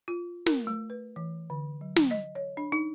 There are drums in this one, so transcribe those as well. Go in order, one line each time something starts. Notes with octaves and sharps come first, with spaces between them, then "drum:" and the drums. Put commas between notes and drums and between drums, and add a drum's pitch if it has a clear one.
F4
A#4, drum: snare
A3
B4
E3
D3
F#3
drum: snare
D#5
C#5
D4
D#4